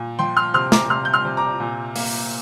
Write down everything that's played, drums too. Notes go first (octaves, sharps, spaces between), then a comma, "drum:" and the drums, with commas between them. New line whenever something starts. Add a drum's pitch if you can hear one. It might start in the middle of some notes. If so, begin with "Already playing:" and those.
Already playing: A#2
F3 G5 C6
C6 F6
C3 C6 F6
A#5 D6, drum: snare
C3 C6 F6
G6
C6 F6
C3
A#5 D6
A#2
A#3, drum: open hi-hat